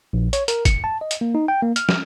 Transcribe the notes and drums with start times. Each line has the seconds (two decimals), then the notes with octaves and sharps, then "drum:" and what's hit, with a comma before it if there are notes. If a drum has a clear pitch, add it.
0.13 A#1
0.33 C#5, drum: hi-hat
0.48 A#4, drum: hi-hat
0.65 C#7, drum: kick, hi-hat
0.84 A5
1.01 D#5
1.11 drum: hi-hat
1.21 A#3
1.35 D#4
1.48 G5
1.62 A#3
1.76 F6, drum: hi-hat
1.89 drum: snare